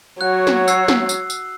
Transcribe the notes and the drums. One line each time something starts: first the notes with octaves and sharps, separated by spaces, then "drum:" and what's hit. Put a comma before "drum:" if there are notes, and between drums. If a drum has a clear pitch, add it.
F#3 F#4 C#5 F#6
drum: snare
E6 C7, drum: tambourine
drum: snare
drum: tambourine
drum: tambourine